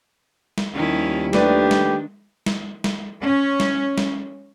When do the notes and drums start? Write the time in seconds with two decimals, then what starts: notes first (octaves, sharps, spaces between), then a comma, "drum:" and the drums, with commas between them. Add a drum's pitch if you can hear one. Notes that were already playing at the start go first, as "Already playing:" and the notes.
0.58 drum: snare
0.74 D#2 D#3 F3 G3 C#4 E4
1.33 D#3 A3 D4 G4 B4 D5, drum: snare
1.71 drum: snare
2.46 drum: snare
2.84 drum: snare
3.22 C#4
3.60 drum: snare
3.98 drum: snare